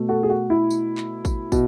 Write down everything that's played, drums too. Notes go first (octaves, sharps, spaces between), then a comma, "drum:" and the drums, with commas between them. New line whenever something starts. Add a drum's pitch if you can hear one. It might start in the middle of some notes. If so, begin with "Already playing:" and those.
Already playing: B2 A3
F#4 A4
G#4
F#4
E4
drum: tambourine
drum: clap
drum: kick, tambourine
B2, drum: kick, tambourine